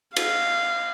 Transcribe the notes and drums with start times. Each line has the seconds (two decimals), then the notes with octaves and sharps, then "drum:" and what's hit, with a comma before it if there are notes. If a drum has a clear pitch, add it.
0.16 F5, drum: cymbal